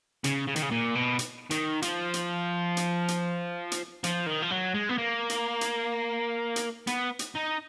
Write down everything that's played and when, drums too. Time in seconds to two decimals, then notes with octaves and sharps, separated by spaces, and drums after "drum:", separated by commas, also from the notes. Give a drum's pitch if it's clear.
0.24 C#3, drum: hi-hat
0.47 C#3
0.56 D#3, drum: hi-hat
0.62 C#3
0.71 A#2
0.95 B2
1.19 drum: hi-hat
1.51 D#3, drum: hi-hat
1.82 F3, drum: hi-hat
2.14 drum: hi-hat
2.77 drum: hi-hat
3.08 drum: hi-hat
3.72 drum: hi-hat
4.04 F3, drum: hi-hat
4.26 D#3
4.42 F3
4.51 F#3
4.74 G#3
4.89 B3
4.98 A#3
5.30 drum: hi-hat
5.61 drum: hi-hat
6.56 drum: hi-hat
6.87 B3, drum: hi-hat
7.19 drum: hi-hat
7.35 D#4